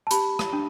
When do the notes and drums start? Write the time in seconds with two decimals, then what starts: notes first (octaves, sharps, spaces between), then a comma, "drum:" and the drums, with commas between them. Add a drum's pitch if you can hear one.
0.07 A5
0.11 G4 B5, drum: hi-hat
0.39 drum: rim click
0.53 D4